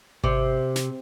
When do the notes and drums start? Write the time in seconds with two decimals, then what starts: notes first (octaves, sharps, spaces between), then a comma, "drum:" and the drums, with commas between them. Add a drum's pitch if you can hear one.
0.24 C3, drum: kick G#1
0.76 drum: snare